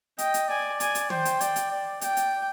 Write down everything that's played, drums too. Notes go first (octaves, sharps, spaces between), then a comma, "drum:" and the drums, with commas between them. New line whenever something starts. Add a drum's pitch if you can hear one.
D#5 G5, drum: hi-hat
drum: hi-hat
D5 G#5
G#5, drum: hi-hat
drum: hi-hat
C5 G5, drum: tom
drum: hi-hat
D5, drum: hi-hat
drum: hi-hat
D5
D5 G5, drum: hi-hat
drum: hi-hat